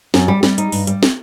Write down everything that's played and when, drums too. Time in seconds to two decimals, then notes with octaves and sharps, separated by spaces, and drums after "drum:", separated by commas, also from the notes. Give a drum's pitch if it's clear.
0.14 F#2, drum: snare
0.28 G3
0.43 G3, drum: snare
0.58 D#4, drum: hi-hat
0.72 G2, drum: open hi-hat
0.87 G3, drum: hi-hat
1.03 drum: snare